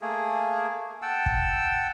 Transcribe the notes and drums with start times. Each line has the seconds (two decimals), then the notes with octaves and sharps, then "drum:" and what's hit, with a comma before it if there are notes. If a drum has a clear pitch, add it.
0.02 A3 A#3 G#4
1.02 F#5 G5 A5 E6
1.26 drum: kick